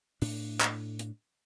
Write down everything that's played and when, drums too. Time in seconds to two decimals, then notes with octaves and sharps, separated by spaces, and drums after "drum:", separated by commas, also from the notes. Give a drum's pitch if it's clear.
0.22 A2 D4, drum: open hi-hat
0.60 drum: clap
0.99 drum: hi-hat